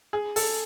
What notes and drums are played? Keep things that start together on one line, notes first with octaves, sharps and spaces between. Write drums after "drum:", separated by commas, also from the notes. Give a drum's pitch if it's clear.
G#4
A4, drum: open hi-hat